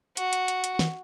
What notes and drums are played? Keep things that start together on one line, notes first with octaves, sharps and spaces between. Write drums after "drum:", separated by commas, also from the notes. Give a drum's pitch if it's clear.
F#4, drum: hi-hat
drum: hi-hat
drum: hi-hat
drum: hi-hat
drum: snare